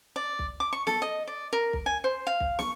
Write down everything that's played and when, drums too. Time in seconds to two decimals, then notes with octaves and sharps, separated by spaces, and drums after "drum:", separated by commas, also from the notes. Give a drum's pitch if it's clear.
0.16 D5
0.39 drum: kick
0.60 D6
0.73 C#6
0.87 A4, drum: snare
1.02 D#5
1.27 D5
1.53 A#4
1.73 drum: kick
1.86 G#5
2.04 C5
2.27 F5
2.40 drum: kick
2.59 C#6, drum: snare